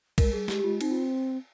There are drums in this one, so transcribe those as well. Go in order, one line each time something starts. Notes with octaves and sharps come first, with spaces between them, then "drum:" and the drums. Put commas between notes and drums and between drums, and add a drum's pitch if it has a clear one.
A#4, drum: kick, cymbal
G#3
G3 G#4
G#3 G4, drum: snare
G4
G#3 F4
C4 D#4, drum: cymbal
F4